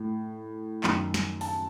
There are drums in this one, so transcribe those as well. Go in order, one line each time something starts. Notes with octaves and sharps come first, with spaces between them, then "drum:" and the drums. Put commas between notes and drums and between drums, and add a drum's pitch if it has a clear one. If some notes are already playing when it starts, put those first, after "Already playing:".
Already playing: A2
F#2 D#3, drum: clap
drum: snare
A5, drum: open hi-hat